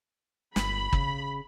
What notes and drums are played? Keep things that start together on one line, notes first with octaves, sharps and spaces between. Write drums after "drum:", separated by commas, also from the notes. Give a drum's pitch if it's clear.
G1 B5, drum: snare
C#3, drum: kick